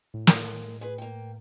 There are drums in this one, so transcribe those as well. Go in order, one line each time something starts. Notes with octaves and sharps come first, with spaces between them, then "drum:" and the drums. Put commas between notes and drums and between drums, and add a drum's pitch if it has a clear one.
A2
G#3 A#4, drum: snare
G#4 B4
A#3 G5